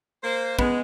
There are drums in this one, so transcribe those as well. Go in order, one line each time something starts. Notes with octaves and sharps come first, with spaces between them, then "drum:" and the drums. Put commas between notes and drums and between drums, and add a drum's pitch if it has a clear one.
A#3 C5
G#3 B3, drum: kick